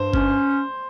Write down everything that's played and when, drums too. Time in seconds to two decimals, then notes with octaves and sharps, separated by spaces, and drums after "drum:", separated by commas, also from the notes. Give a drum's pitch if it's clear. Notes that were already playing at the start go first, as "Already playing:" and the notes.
Already playing: G2 C5
0.14 C#4, drum: kick G1